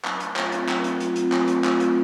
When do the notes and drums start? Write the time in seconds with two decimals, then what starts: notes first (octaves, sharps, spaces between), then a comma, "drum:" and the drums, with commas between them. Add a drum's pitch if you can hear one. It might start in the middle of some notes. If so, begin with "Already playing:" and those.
0.05 F#3, drum: clap
0.20 A3, drum: hi-hat
0.36 F4, drum: clap
0.52 C4, drum: hi-hat
0.69 F#3, drum: clap
0.84 A3, drum: hi-hat
1.00 F4, drum: hi-hat
1.16 C4, drum: hi-hat
1.32 F#3, drum: clap
1.48 A3, drum: hi-hat
1.64 F4, drum: clap
1.80 C4, drum: hi-hat